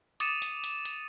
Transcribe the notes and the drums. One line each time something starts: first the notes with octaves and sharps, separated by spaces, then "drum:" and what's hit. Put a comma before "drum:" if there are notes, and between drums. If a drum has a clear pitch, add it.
D6 D#6 A6 C#7 D#7 E7, drum: hi-hat
drum: hi-hat
drum: hi-hat
drum: hi-hat